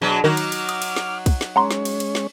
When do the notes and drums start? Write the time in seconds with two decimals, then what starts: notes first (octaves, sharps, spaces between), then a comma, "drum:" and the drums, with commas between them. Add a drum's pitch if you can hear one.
0.02 B2 F#3 D4 G#4
0.24 D#3 F#3 D#4 F#4 D6 F6
0.37 drum: cymbal
0.52 drum: cymbal
0.69 D#6, drum: cymbal
0.82 drum: cymbal
0.97 drum: snare
1.26 drum: kick, cymbal
1.41 drum: snare
1.56 G#3 C#4 C#5 F#5 A#5 C6
1.71 drum: snare
1.85 drum: cymbal
2.00 drum: cymbal
2.15 drum: snare